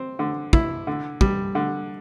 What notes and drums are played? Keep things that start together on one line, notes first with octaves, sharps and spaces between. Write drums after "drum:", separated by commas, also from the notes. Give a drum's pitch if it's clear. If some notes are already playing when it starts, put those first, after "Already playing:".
Already playing: C4
D3
E4, drum: kick
D3
G3, drum: kick
D3